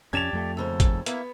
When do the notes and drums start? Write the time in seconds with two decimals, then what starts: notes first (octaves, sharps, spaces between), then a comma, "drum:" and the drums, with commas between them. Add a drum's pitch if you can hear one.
0.13 F2 C#4 G4 D5 A5 G#6 E7 F7
0.33 F2 A3
0.57 D#2 C#3 A4 C5
0.80 drum: kick, hi-hat
1.06 A#3 B3 E4 E5, drum: hi-hat